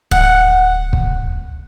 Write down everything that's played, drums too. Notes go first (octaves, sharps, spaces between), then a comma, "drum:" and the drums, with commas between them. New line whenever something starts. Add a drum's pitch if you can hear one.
D1 F#5, drum: kick
drum: kick